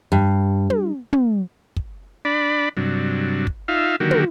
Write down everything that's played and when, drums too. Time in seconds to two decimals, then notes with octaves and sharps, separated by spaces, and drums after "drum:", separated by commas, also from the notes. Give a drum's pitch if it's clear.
0.12 G2
0.70 drum: tom
1.13 drum: tom
1.76 drum: kick
2.25 D4 D5 B5
2.77 G2 C3 F#3 D4
3.47 drum: kick
3.68 D#4 F4 E5 F5
4.00 D3 D#3 F#3 A#3 F#4 G4
4.11 drum: tom